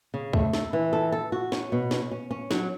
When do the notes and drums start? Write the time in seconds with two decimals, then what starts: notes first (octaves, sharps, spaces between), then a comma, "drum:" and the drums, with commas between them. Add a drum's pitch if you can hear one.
0.14 C#3
0.33 A3, drum: kick
0.53 A4, drum: snare
0.73 E3
0.93 A4
1.12 A4
1.32 F#4
1.52 C#4, drum: snare
1.72 B2
1.91 C#4, drum: snare
2.11 C#4
2.31 C#4
2.51 F#3, drum: snare